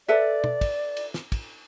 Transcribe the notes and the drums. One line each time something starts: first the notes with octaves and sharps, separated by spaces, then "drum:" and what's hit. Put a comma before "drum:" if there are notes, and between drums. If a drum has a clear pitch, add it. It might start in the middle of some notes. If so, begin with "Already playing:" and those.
A4 B4 D5 E5
drum: tom
drum: kick, cymbal
drum: cymbal
drum: snare
drum: kick, cymbal